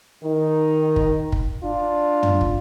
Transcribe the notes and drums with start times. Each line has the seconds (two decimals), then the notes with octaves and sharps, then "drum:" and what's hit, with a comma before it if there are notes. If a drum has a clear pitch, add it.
0.24 D#3 D#4
0.96 drum: kick
1.32 drum: kick
1.64 D4 F4
2.23 drum: tom
2.41 drum: kick